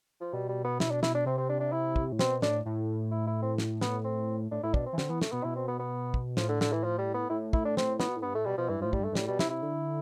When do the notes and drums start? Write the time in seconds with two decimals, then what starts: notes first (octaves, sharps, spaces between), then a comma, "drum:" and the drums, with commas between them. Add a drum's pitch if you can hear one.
0.21 F3
0.33 B2 G3
0.49 G3
0.65 B3
0.80 E4, drum: snare
0.91 D4
1.03 E4, drum: snare
1.15 D4
1.26 C3 C4
1.37 C4
1.49 D4
1.61 D4
1.72 E4
1.96 drum: kick
2.12 A2
2.19 B2 C4, drum: snare
2.42 A2 D4, drum: snare
2.65 A2
3.11 E4
3.27 E4
3.42 C4
3.58 drum: snare
3.81 B3, drum: snare
4.05 C4
4.51 A2 D4
4.63 A2 E4
4.74 B2 D4, drum: kick
4.86 C4
4.93 E3
4.98 D3 C4, drum: snare
5.09 E3 B3
5.22 A3, drum: snare
5.32 B2 B3
5.44 B2 E4
5.56 C4
5.68 B3
5.79 B3
6.14 drum: kick
6.37 A2 F3, drum: snare
6.49 D3
6.61 D3, drum: snare
6.73 E3
6.84 F3
6.99 G3
7.14 B3
7.30 A2 E4
7.53 E4, drum: kick
7.65 D4
7.77 C4, drum: snare
8.00 B3, drum: snare
8.09 B2
8.16 A2
8.22 G2 B3
8.35 A2 A3
8.46 B2 G3
8.58 B2 F3
8.69 G2 E3
8.80 G2 F3
8.85 A2
8.93 G3, drum: kick
9.00 G2
9.04 A3
9.12 G2
9.15 A2 G3, drum: snare
9.28 B2 G3
9.39 C3 E4, drum: snare
9.50 E4
9.62 D3